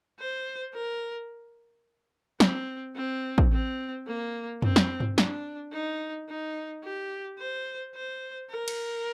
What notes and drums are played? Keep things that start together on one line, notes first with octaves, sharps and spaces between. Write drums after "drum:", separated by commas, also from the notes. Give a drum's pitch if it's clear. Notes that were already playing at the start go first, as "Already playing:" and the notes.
C5
A#4
C4, drum: snare
C4
drum: kick
C4
A#3
C4, drum: tom
drum: snare
drum: tom G2
D4, drum: snare
D#4
D#4
G4
C5
C5
A#4
drum: cymbal